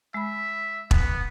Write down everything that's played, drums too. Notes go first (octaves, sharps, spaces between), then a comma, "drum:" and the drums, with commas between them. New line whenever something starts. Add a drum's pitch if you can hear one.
G#3 E5 B5
B3, drum: kick E1